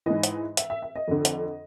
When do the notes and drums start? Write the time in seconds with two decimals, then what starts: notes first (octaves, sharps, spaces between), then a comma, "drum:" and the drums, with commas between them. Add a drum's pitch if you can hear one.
0.06 G#2 E3 D#5
0.23 drum: hi-hat
0.57 E5, drum: hi-hat
0.70 E5
0.82 E5
0.96 D#5
1.08 F2 D3
1.25 drum: hi-hat